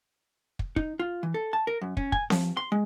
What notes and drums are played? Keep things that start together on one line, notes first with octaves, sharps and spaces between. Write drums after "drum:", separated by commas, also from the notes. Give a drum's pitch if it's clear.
drum: kick
D#4, drum: kick
F4
E3
A4
A5
A#4
F#2
C#4, drum: kick
G#5, drum: kick
F3, drum: snare C4
C6
G#3